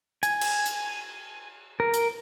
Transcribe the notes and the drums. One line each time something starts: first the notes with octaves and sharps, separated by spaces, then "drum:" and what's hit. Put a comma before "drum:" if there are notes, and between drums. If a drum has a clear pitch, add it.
G#5, drum: hi-hat
drum: cymbal
drum: hi-hat
A#4
drum: hi-hat